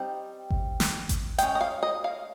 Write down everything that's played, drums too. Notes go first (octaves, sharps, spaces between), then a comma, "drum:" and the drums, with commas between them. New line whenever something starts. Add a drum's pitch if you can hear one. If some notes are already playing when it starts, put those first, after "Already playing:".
Already playing: G3 C4 D#4
drum: kick G#1
drum: snare
drum: kick G#1, hi-hat
G#3 C#4 G5, drum: hi-hat
D#5
F5
D#5
F5